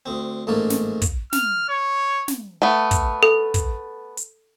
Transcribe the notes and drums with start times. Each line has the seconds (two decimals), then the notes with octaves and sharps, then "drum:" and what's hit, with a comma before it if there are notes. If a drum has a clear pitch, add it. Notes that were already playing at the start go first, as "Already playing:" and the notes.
0.06 D2 C4
0.47 A1 G#2 A3 A#3 A4
0.70 drum: snare
1.02 drum: kick, hi-hat
1.33 F6, drum: snare
1.69 C#5
2.28 drum: snare
2.62 A3 B3
2.91 drum: kick, hi-hat
3.23 A4
3.54 drum: kick, hi-hat
4.17 drum: hi-hat